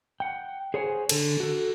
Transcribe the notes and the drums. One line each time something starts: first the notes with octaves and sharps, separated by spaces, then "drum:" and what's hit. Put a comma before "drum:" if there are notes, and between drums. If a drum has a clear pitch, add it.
F#5 G5
G#4 C5 C#5 F#5 G#5
D3 A4, drum: cymbal
F#4 A4